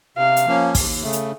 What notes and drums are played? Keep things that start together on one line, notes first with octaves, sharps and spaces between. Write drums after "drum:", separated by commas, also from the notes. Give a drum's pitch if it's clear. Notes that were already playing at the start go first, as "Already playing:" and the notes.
C3 F5
drum: hi-hat
F3 A#3 C#4
D#2, drum: kick, open hi-hat
C#3 A3
drum: hi-hat